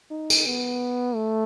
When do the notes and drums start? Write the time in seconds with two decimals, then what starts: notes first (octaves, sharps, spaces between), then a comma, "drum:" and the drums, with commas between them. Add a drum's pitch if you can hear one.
0.11 D#4
0.30 drum: tambourine
0.46 B3
1.15 A3